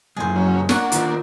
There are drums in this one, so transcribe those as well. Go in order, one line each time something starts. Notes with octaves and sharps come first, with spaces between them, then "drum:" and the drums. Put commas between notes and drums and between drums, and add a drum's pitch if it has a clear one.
F#2 A#2 G#3 G#4 C5
F#3 C#4
A#3 D4 C#5 F#5, drum: snare
D#3 F4, drum: hi-hat